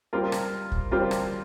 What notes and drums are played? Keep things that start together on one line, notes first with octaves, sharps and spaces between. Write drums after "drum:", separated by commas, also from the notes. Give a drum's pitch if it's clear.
G3 C4 F4 A#4
drum: rim click
drum: kick
G3 C4 F4 A#4
drum: rim click